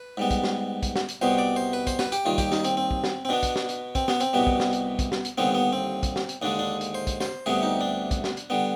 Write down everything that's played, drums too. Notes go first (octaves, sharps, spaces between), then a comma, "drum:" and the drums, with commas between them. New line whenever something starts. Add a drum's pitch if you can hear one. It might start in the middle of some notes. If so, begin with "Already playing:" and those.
Already playing: B4
G#2 G3 B3
drum: kick, hi-hat
drum: snare
drum: kick, hi-hat
drum: snare
drum: hi-hat
C2 B2 G3 B3 C5
D5
C5
B4
C5, drum: kick, hi-hat
B4, drum: snare
G4, drum: hi-hat
D#2 D#3 G3 F4
G4, drum: kick, hi-hat
D#4, drum: snare
C4, drum: hi-hat
C4
drum: kick
drum: snare
C4
B2 B3 D4
drum: kick, hi-hat
drum: snare
drum: hi-hat
C4, drum: kick, hi-hat
B3, drum: snare
C4, drum: hi-hat
C2 B2 G3 B3
drum: kick
drum: snare
drum: hi-hat
drum: kick, hi-hat
drum: snare
drum: hi-hat
D#2 D3 G3 B3 C4
B3
C4
drum: kick, hi-hat
drum: snare
drum: hi-hat
D#2 D3 G#3 D4
D4
drum: hi-hat
C5
drum: kick, hi-hat
C5, drum: snare
D2 C3 G3 B3 G#4
D#4
D4
drum: kick, hi-hat
drum: snare
drum: hi-hat
D3 G3 B3